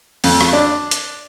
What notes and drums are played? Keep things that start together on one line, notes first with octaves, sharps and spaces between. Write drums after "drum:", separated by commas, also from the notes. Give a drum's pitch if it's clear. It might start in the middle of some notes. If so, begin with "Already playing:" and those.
F2, drum: open hi-hat
drum: rim click
D4
drum: hi-hat